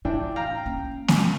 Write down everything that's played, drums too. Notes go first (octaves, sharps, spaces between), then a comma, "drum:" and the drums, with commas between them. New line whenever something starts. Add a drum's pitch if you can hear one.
A2 E3 D4 G5
F5 G5 A#5
A#3 C#4
G2, drum: snare A#3